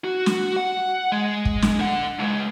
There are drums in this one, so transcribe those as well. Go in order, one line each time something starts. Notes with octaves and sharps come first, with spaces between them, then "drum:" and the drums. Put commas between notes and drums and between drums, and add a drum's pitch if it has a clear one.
F#4
drum: snare
F#5
G#3
drum: kick
drum: snare
D3 F#5
C#2 G#3